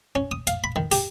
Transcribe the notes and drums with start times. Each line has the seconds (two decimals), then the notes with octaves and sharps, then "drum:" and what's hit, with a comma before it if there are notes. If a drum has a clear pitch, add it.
0.15 C#4
0.31 D#6
0.47 F5, drum: hi-hat
0.64 B5
0.76 D#3
0.92 G4, drum: open hi-hat